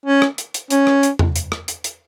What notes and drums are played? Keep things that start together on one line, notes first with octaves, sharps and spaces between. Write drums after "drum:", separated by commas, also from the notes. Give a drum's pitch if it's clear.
C#4
drum: rim click
drum: hi-hat
drum: hi-hat
C#4, drum: hi-hat
drum: rim click
drum: hi-hat
drum: tom E2
drum: hi-hat
drum: rim click
drum: hi-hat
drum: hi-hat